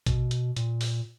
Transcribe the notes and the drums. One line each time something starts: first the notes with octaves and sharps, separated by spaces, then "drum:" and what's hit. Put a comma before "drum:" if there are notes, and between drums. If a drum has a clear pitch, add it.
B2, drum: kick, hi-hat
drum: hi-hat
A#2, drum: hi-hat
drum: open hi-hat